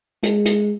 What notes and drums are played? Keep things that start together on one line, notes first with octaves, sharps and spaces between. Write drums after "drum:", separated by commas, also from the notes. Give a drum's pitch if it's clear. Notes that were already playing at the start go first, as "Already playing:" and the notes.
G#3, drum: hi-hat
drum: hi-hat